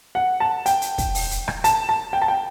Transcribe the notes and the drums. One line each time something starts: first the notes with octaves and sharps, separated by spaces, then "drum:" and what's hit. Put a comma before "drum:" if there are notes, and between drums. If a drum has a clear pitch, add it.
F#5
A5
G5, drum: hi-hat
drum: hi-hat
drum: kick, hi-hat
drum: open hi-hat
drum: hi-hat
drum: rim click
A5, drum: hi-hat
A5
G5
A5
G5